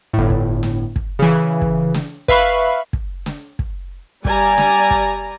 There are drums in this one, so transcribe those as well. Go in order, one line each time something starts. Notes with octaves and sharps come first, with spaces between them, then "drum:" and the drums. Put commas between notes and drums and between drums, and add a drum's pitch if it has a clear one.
G1 A2
drum: kick
drum: snare
drum: kick
C#3 E3
drum: kick
drum: snare
B4 E5 F5 B5 C#6, drum: kick
drum: kick
drum: snare
drum: kick
G3 D5 G#5 A#5, drum: kick
drum: snare
drum: kick